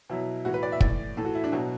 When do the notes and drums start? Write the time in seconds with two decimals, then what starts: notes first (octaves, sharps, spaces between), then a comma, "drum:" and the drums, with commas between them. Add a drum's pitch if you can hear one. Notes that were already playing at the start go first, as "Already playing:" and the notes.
0.10 B2 F#3 E4
0.45 A2 E3 F#4
0.54 B4
0.63 D5
0.72 E5
0.81 A2 E3 D5, drum: kick
1.17 A2 E3 A4
1.25 F#4
1.35 E4
1.44 D4
1.52 B2 F#3 F#4